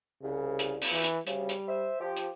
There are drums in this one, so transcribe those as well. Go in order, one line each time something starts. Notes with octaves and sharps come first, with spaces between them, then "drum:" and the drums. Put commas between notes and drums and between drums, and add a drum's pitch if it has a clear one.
C2 C#3
drum: hi-hat
drum: open hi-hat
E3
drum: hi-hat
D2 C#3 G3, drum: hi-hat
drum: hi-hat
C5 E5
F3 G4
drum: hi-hat